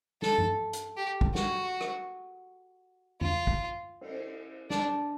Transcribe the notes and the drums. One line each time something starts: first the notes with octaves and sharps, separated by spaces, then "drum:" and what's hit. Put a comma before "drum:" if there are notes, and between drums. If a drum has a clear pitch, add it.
A4, drum: snare
drum: tom G2
drum: hi-hat
G4
drum: kick
F#4, drum: snare
drum: rim click
F4, drum: tom E2
drum: kick
drum: cymbal
D4, drum: snare